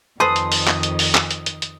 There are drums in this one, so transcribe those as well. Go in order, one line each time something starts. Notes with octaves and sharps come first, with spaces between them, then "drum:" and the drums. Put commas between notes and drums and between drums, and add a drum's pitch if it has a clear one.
F2 D#3 A4 B4 C5 D#6
drum: hi-hat
drum: open hi-hat
drum: clap
drum: hi-hat
drum: open hi-hat
drum: clap
drum: hi-hat
drum: hi-hat
drum: hi-hat